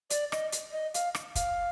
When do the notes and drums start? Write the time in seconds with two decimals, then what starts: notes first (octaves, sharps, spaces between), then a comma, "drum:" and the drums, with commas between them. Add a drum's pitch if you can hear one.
0.10 D5, drum: hi-hat
0.32 D#5, drum: rim click
0.52 drum: hi-hat
0.73 D#5
0.94 F5, drum: hi-hat
1.15 drum: rim click
1.35 F5, drum: kick, hi-hat